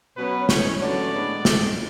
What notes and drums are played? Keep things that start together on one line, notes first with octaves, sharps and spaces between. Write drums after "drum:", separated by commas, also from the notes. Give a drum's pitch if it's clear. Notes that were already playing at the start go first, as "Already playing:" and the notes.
B2 F#3 B3 C#4 B4
F#2 E3 G#3 C#4 C#5, drum: snare
D3 F#3 A3 C#4 D4 D5
A2 G#3 B3 D4
A2 G#3 D4, drum: snare